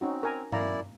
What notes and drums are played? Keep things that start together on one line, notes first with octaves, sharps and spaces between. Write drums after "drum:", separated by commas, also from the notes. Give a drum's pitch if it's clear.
C4 C#4 D#4 F#4
A#4 G#5 A#5
F#2 E4 D5 F5 A#5, drum: tom G2